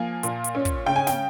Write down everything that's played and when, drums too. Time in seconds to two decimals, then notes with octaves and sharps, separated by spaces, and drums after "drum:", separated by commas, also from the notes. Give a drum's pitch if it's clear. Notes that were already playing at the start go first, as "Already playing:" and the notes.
Already playing: F3 A#3 G#5
0.23 A#2, drum: hi-hat
0.44 drum: hi-hat
0.55 C#4
0.65 drum: kick, hi-hat
0.86 C#3 G5
0.96 G#5
1.07 G5, drum: snare